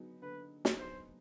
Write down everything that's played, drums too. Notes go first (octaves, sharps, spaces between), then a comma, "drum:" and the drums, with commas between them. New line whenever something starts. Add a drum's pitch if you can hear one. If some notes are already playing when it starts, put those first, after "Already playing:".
Already playing: D3 F#3 B3 D#4 G#4
D3 B4
F#3 B3 D#4 G#4, drum: snare
C5